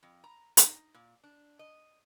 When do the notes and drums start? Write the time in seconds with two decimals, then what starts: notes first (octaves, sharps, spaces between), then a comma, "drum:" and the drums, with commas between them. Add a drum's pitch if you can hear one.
0.03 F2
0.24 A#5
0.57 D#4, drum: hi-hat
0.94 A#2
1.24 D4
1.59 D#5